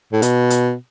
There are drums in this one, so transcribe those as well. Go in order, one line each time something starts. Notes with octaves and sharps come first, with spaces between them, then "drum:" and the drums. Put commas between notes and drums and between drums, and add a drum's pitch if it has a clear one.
A2
B2, drum: hi-hat
drum: hi-hat